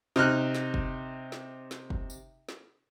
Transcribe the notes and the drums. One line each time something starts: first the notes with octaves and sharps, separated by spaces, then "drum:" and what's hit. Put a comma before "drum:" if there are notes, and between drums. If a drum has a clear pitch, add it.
C3 D#4 F6 F#6, drum: snare
drum: snare
drum: kick F#1
drum: snare
drum: snare
drum: kick F#1
drum: tambourine
drum: snare